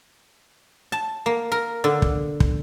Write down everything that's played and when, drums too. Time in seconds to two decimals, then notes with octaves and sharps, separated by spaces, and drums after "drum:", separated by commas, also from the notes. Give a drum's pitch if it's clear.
0.92 A5
1.26 A#3
1.52 A#4
1.84 D3
2.02 drum: kick
2.40 drum: kick